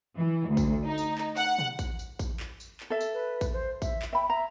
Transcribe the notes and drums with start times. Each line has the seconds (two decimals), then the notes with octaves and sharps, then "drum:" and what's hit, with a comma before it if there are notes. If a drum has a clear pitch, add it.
0.16 E3
0.47 D2
0.57 drum: kick, tambourine
0.85 D#4
0.98 drum: tambourine
1.18 drum: clap
1.37 F#5, drum: tambourine
1.59 drum: tom B2
1.79 drum: kick, tambourine
1.99 drum: tambourine
2.19 drum: kick, tambourine
2.40 drum: clap
2.60 drum: tambourine
2.80 drum: clap
2.90 A4 E5
3.01 drum: tambourine
3.13 B4
3.41 drum: kick, tambourine
3.53 C5
3.82 E5, drum: kick, tambourine
4.02 drum: clap
4.13 E5 G5 B5
4.30 E5 A#5